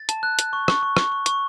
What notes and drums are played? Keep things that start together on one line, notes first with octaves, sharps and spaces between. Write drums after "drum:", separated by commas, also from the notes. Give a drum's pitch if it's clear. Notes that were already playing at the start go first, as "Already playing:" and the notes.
Already playing: A6
A5, drum: hi-hat
F#6
F#6, drum: hi-hat
C#6
C#6, drum: rim click
C#6
C#6, drum: rim click
C#6
C#6, drum: hi-hat